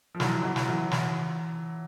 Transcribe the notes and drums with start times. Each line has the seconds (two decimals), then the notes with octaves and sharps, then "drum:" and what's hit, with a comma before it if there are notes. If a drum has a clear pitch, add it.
0.15 F3
0.20 E3 F#3, drum: snare
0.44 E3 F#3
0.56 drum: snare
0.68 E3 F#3
0.91 drum: snare